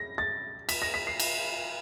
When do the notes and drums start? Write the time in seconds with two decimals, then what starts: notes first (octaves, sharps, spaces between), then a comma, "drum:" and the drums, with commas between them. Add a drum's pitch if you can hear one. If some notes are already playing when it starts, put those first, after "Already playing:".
Already playing: A#6
0.18 A6
0.69 B6, drum: cymbal
0.82 A#6
0.94 B6
1.07 C7
1.20 drum: cymbal